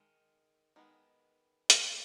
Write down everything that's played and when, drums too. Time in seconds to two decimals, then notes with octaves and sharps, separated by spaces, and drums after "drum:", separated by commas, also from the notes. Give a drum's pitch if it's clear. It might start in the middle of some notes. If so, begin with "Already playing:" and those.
Already playing: D#3 G#3
0.76 D#3 G#3 B3
1.70 G3 D4 F5, drum: hi-hat